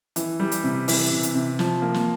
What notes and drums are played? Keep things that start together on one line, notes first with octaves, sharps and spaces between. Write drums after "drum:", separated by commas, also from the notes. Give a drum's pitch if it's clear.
E3, drum: hi-hat
G3
drum: hi-hat
C3
E3, drum: open hi-hat
C3
drum: hi-hat
C3
F3, drum: snare
A#3
drum: snare